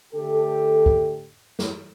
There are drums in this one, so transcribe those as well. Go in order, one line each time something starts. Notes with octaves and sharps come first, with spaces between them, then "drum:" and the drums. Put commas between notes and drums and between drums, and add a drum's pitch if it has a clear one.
D3 A3 D4 G4 A4
drum: kick C2
drum: snare